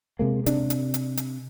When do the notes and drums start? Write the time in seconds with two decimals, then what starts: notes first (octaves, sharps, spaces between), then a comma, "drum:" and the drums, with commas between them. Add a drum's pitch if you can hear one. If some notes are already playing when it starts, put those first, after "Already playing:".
0.19 C3 G#3 A#3
0.46 C3 D4, drum: hi-hat
0.70 drum: hi-hat
0.94 drum: hi-hat
1.17 drum: hi-hat